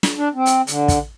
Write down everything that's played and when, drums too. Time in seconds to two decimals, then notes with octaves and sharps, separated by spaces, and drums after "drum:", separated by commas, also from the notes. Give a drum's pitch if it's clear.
0.03 drum: snare
0.18 D4
0.35 C4
0.46 drum: hi-hat
0.67 D3, drum: hi-hat
0.88 drum: kick, hi-hat